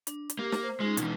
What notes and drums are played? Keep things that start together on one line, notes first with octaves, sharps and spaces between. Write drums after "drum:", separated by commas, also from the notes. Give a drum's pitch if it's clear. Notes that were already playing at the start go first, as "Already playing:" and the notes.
D4, drum: hi-hat
drum: hi-hat
A#3 G4
drum: snare
C5
G#3 C#4 D#4 F4
B2 E3, drum: hi-hat